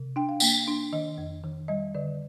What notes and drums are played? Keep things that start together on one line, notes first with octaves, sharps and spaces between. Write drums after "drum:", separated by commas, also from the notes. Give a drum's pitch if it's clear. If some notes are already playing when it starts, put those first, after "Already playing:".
Already playing: C3
D4 G5
F5
A#3 G5, drum: tambourine
D4
D#3 D#5
F2
D#3
G3 D#5
D3 D5